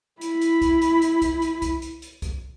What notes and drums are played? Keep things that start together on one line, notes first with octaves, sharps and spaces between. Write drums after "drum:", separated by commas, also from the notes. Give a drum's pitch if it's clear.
E4 B5, drum: hi-hat
drum: hi-hat
drum: kick C2, hi-hat
drum: hi-hat
drum: hi-hat
drum: kick C2, hi-hat
drum: hi-hat
drum: kick C2, hi-hat
drum: hi-hat
drum: hi-hat
drum: kick C2, hi-hat